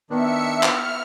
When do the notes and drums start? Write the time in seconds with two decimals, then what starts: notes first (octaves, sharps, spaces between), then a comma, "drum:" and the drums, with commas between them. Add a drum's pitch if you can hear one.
0.10 D#3 B3 D4 E5 C#7
0.63 F6, drum: clap